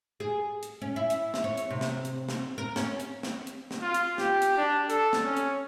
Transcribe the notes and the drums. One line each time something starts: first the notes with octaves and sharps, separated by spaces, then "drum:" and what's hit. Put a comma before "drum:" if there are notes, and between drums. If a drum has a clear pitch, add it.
G#4
drum: hi-hat
C#4
E4
drum: hi-hat
drum: snare
C#5
drum: hi-hat
C3
drum: snare
drum: hi-hat
drum: snare
A#4
C#4, drum: snare
drum: hi-hat
drum: snare
drum: hi-hat
drum: snare
F4
drum: hi-hat
G4, drum: snare
drum: hi-hat
D4
A4, drum: hi-hat
drum: snare
C#4
drum: hi-hat